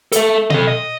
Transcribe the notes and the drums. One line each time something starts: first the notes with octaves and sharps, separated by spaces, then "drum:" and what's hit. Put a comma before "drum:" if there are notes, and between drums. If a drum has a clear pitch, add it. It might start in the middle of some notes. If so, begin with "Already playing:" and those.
A4 E5, drum: hi-hat
A4 D#5, drum: tom B2
D#5